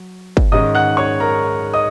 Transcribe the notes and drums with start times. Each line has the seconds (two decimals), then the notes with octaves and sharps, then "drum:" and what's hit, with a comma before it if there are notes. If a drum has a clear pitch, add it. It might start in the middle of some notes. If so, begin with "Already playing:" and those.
Already playing: F#3
0.37 drum: kick
0.52 G#2 D#3 G#3 C#4 D#5 D#6
0.75 F#5 F#6
0.97 C#5 C#6
1.20 A#4 A#5
1.74 D#5 D#6